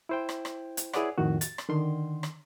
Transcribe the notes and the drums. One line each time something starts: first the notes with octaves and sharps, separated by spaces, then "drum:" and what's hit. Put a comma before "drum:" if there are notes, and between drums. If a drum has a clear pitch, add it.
E4 C5 G5
drum: rim click
drum: rim click
drum: hi-hat
E4 G#4 B4 C#5 D5 F#5, drum: rim click
F2 A2 D#3 F#4
A6, drum: hi-hat
drum: rim click
D3 D#3 C6
drum: rim click